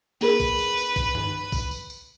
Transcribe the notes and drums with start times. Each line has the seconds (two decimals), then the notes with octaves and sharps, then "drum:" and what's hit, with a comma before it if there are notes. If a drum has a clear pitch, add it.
0.21 A#3 G#4 A#4 B4, drum: tambourine
0.40 drum: kick A#1, tambourine
0.59 drum: tambourine
0.77 drum: tambourine
0.96 drum: kick A#1, tambourine
1.15 drum: tom
1.52 drum: kick A#1, tambourine
1.71 drum: tambourine
1.90 drum: tambourine